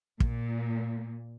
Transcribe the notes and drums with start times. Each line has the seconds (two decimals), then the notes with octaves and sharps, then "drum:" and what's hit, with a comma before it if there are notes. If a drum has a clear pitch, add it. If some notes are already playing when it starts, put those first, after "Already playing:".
0.20 A#2, drum: kick